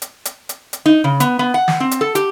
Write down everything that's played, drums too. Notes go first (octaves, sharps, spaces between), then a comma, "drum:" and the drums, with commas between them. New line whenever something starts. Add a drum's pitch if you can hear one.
drum: hi-hat
drum: hi-hat
drum: hi-hat
drum: hi-hat
D#4
C#3
B3, drum: hi-hat
B3
F#5
drum: snare
C4
drum: hi-hat
A4
G4, drum: hi-hat